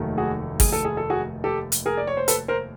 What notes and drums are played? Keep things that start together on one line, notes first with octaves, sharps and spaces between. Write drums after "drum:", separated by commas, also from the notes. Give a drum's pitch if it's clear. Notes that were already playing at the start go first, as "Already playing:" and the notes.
Already playing: F1 D#2 D#3 F#3 A3
F#4 G#4
G#4, drum: kick, open hi-hat
A4
G#4
A4
F#4 G#4
G4 A4
drum: hi-hat
G#4 A#4
D5
C#5
C5
A4 B4, drum: hi-hat
A#4 C5